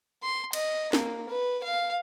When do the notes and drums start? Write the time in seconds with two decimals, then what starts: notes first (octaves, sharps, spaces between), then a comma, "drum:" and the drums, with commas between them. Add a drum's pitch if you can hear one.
0.23 C6
0.53 D#5, drum: cymbal
0.93 A#3, drum: snare
1.29 B4
1.64 F5